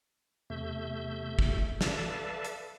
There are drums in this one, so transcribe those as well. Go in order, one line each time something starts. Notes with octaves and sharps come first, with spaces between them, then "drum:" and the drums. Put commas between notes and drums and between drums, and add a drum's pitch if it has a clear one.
E2 C3 A3 E5 G6
drum: kick
A4 B4 D5 E5 F5 A5, drum: snare
drum: hi-hat